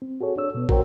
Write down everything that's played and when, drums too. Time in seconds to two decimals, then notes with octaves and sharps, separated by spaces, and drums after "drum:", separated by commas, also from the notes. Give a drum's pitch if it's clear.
0.02 C4
0.21 F#4 G#4 A4 C#5
0.37 D4 C#5 E6
0.55 B2 B3
0.69 F#4 A#4 C5 C#5 G5, drum: kick